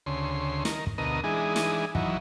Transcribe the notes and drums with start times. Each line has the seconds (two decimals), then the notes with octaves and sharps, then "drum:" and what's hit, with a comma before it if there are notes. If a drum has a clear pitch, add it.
0.06 D2 C#3 C6
0.65 D#3 A#4, drum: snare
0.87 drum: kick
0.98 D2 B2 A#4 D#5
1.24 E3 G#3 D4 D#4 G#4
1.56 drum: snare
1.95 D#3 E3 F#3, drum: kick